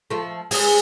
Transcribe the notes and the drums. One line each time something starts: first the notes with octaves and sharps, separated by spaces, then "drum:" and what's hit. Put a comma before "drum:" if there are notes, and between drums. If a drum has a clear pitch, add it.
F3 A3
G#3 G#4, drum: open hi-hat